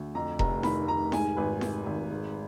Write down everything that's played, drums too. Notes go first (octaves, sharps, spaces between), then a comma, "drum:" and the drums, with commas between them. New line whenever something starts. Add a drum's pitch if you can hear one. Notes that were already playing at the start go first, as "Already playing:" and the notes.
Already playing: D2
F2 A#5
F1 A#5, drum: kick E1
D#3 B5, drum: snare E4
F1 A#5
G#2 G#5, drum: snare E4
G#1 B4
D#3, drum: snare E4
G#1
G#2